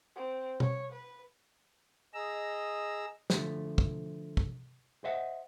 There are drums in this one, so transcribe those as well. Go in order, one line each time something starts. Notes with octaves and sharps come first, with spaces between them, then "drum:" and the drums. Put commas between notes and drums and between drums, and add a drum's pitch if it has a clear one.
C4
C#5, drum: tom B2
B4
G#4 D#5 A#5 E6
D3 F3 A3, drum: snare
drum: kick
drum: kick
C5 D#5 E5 F#5